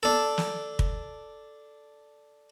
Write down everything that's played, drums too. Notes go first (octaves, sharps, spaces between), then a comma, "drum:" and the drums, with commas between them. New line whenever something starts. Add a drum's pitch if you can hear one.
D4 A4
drum: snare
drum: kick